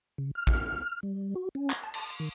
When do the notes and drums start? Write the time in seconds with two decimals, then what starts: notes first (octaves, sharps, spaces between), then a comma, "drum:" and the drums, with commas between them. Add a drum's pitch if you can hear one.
0.18 C#3
0.35 F6
0.47 drum: kick
1.03 G3
1.36 F#4
1.55 C#4
1.70 drum: clap
1.84 A5
1.94 drum: cymbal
2.20 D#3